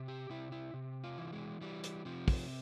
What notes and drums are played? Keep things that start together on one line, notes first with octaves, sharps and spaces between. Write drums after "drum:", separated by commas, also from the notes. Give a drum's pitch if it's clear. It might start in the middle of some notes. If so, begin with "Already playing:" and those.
Already playing: C3
G4
C3 E4
E4
C3
F4
E3
G#3
E3 G3
drum: hi-hat
C3 F3
drum: kick, open hi-hat